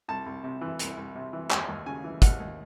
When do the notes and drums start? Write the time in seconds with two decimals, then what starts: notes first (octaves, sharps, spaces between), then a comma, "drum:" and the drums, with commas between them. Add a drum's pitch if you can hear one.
0.08 C2 A5
0.26 C2
0.44 C3
0.61 E3
0.79 C2, drum: hi-hat
0.97 C2
1.15 C3
1.33 E3
1.51 D#2 G#5, drum: clap
1.69 D#2
1.86 C#3 G#5
2.04 E3
2.22 D#2 F#5, drum: kick, hi-hat
2.40 D#2